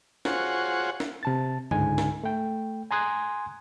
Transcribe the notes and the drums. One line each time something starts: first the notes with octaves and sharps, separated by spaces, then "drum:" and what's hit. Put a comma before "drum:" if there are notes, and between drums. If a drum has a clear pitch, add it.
F4 F#4 G#4 C5 C#5 F#5, drum: snare
drum: snare
C3 A5 A6
C#2 G#2 D3 D#4 G#5, drum: tom G2
drum: snare
A3 G5
G#5 A#5 C6 D#6 F#6 G#6